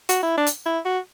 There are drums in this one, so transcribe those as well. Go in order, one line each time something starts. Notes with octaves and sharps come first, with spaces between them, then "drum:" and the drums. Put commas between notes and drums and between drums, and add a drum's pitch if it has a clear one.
F#4, drum: hi-hat
E4
D4
drum: hi-hat
E4
F#4